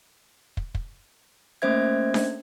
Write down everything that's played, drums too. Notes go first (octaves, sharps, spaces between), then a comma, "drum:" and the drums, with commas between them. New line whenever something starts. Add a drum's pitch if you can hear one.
drum: kick
drum: kick
A3 A#3 C#4 C5 E5 G#6
drum: snare D4